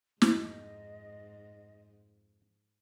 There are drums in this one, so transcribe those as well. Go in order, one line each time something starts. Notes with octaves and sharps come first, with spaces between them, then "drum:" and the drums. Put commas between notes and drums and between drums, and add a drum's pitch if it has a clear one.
F2 G#2 D#4 D#5, drum: snare